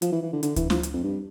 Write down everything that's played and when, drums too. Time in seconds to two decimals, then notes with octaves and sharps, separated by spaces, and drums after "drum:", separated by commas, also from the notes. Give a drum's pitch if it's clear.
0.02 F3, drum: hi-hat
0.12 E3
0.23 E3
0.32 D3
0.43 D3, drum: hi-hat
0.56 E3, drum: kick D2, hi-hat
0.70 F3, drum: snare
0.83 drum: hi-hat
0.93 F2
1.03 G2